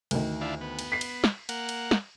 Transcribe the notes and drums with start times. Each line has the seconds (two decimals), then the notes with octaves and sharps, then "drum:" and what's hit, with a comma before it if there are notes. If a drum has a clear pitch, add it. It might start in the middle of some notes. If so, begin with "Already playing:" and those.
0.11 D2 D#3, drum: cymbal
0.41 D4 E4 F4
0.61 B3
0.79 drum: cymbal
0.92 B6 C7
1.01 drum: cymbal
1.24 drum: snare
1.49 A#3 F#5, drum: cymbal
1.69 drum: cymbal
1.91 drum: snare